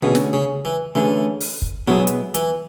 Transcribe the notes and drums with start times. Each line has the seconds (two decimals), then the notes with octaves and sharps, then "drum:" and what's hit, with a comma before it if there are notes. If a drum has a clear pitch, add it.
0.02 D2 B2 D3 A3 C#4 G#4
0.15 drum: snare
0.33 C#3
0.65 E3
0.95 D2 D3 E3 A3 C#4 G#4
1.40 drum: open hi-hat
1.62 drum: kick
1.88 B2 F#3 G#3 B3 E4 G#4
2.07 drum: hi-hat
2.34 E3, drum: hi-hat